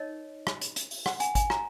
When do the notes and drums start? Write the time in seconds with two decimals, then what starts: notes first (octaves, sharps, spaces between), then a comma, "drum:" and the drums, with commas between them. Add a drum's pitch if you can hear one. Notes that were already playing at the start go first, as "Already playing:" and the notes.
Already playing: D#4 A#4 C#5 D#5
0.47 drum: rim click
0.61 drum: hi-hat
0.76 drum: hi-hat
0.91 drum: open hi-hat
1.06 F#5, drum: rim click
1.20 G#5, drum: hi-hat
1.35 G#5, drum: kick G#1, hi-hat
1.50 A#5, drum: rim click